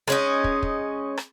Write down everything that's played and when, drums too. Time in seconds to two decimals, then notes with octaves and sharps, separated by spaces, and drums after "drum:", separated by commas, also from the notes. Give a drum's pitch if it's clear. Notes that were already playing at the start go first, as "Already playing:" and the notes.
0.08 G#3 C#4 D#4, drum: rim click
0.44 drum: kick
0.63 drum: kick
1.17 drum: rim click